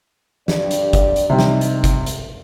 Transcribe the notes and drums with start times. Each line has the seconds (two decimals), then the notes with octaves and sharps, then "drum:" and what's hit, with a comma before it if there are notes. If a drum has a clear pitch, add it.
0.48 G2 G4 D5, drum: snare
0.71 drum: hi-hat
0.93 drum: kick, hi-hat
1.16 drum: hi-hat
1.30 C3 G3 D#4
1.39 drum: snare
1.61 drum: hi-hat
1.84 drum: kick, hi-hat
2.06 drum: hi-hat